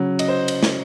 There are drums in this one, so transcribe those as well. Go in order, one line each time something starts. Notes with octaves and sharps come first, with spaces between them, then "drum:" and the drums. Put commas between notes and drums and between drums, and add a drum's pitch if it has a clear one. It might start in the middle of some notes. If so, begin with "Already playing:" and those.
Already playing: C#3 F#3
D#5, drum: cymbal
C5
drum: cymbal
drum: snare